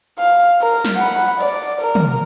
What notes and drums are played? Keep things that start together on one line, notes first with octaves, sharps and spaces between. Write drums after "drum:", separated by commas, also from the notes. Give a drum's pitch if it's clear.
F5
A#4
drum: snare
F#5 B5
D5
A#4
drum: tom